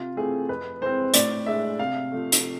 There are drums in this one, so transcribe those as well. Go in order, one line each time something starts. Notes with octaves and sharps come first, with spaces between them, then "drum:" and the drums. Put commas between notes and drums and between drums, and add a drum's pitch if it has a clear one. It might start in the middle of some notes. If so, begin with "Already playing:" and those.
Already playing: C3 F4
E3 A3 C4 G#4
F2 B4
E3 G#3 C4 C5
A2 D5, drum: hi-hat
G#3 D4 E5
C3 F5
F3 A3
drum: hi-hat